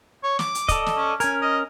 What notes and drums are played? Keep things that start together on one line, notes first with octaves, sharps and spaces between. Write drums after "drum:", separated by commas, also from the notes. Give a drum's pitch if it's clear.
C#5
D6, drum: snare
drum: hi-hat
A4 D5 D#5, drum: kick, hi-hat
drum: snare
C#4
C#4 A#4 G#5, drum: hi-hat
D#5